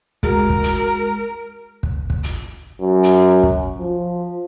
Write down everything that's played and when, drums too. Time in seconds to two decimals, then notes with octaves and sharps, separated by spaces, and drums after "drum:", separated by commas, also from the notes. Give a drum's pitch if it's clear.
0.23 G#3 F#4 A#4, drum: kick
0.50 drum: kick
0.63 drum: hi-hat
1.83 drum: kick
2.10 drum: kick
2.23 drum: hi-hat
2.81 F#2
3.03 drum: hi-hat
3.43 drum: kick
3.79 F3